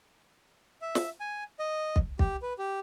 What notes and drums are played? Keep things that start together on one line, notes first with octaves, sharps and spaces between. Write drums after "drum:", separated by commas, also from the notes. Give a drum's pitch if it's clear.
E5
drum: snare
G#5
D#5
drum: kick
G4, drum: kick
B4
G4